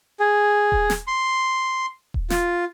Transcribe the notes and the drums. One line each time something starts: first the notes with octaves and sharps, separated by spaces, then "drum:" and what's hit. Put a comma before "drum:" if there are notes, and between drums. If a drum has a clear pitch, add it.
G#4
drum: kick D#1
drum: snare
C6
drum: kick D#1
F4, drum: snare